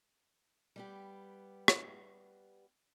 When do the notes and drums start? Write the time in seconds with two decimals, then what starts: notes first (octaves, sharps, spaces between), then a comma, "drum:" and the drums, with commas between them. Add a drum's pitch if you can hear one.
0.76 G3 B3 G4
1.68 drum: rim click